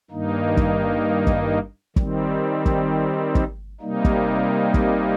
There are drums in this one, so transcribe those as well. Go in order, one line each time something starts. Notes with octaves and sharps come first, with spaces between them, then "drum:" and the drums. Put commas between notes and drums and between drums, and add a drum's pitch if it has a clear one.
G2 D#3 A#3 D#4
drum: kick
drum: kick
D#3 G3 C4, drum: kick
drum: kick
drum: kick
C3 G3 A#3 D#4
drum: kick
drum: kick